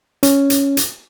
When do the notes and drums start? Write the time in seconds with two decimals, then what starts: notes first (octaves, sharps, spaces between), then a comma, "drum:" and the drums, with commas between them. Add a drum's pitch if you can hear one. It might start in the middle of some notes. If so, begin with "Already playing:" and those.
0.23 C#4, drum: hi-hat
0.50 drum: hi-hat
0.77 drum: hi-hat